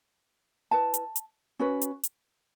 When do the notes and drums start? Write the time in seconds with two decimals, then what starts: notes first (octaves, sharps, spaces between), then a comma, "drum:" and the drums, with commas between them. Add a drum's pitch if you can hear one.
0.71 E4 B4 A5
0.94 drum: hi-hat
1.16 drum: hi-hat
1.59 C#4 F#4 B4
1.82 drum: hi-hat
2.03 drum: hi-hat